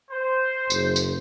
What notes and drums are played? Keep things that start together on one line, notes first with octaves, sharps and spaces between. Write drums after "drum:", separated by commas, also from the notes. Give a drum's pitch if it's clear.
C5
F#1, drum: tambourine
drum: tambourine